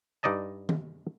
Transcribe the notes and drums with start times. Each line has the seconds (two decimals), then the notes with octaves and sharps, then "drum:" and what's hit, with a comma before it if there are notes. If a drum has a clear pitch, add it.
0.23 G2 D#4 D5 D#5 A5
0.69 drum: tom D#3